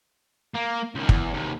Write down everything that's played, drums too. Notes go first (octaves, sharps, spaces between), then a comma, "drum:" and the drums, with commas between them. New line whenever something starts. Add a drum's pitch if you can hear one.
A#3
C#2 D#3
E2, drum: kick
D#2 C3